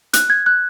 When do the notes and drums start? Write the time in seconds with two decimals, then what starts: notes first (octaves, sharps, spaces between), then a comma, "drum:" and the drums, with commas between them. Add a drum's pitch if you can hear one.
0.13 F#6, drum: hi-hat
0.30 G#6
0.46 F#6